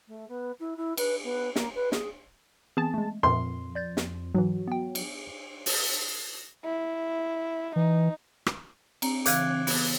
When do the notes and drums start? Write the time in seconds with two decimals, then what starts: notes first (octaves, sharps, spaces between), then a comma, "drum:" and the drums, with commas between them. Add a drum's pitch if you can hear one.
0.08 A3
0.29 B3
0.60 E4
0.77 E4
0.97 B4, drum: cymbal
1.24 B3
1.56 A#3, drum: snare
1.75 B4
1.92 G#4, drum: snare
2.77 E3 B3 C4 G#4 A5
2.94 G#3 A3
3.23 F2 A#2 A#4 C6
3.75 D5 G6 A6
3.97 drum: snare
4.35 G#2 E3 F#3
4.67 B3 G5
4.95 drum: cymbal
5.66 drum: open hi-hat
6.64 E4
7.76 E3 D#4
8.46 drum: rim click
9.02 C4 A#5, drum: cymbal
9.26 C#3 E3 F5 D6 F#6 G#6, drum: hi-hat
9.67 B3, drum: open hi-hat